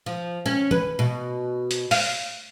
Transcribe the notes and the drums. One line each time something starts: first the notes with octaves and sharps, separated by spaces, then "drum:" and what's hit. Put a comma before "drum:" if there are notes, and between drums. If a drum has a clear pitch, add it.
F3
C#4
B4, drum: tom
B2
drum: hi-hat
F5, drum: open hi-hat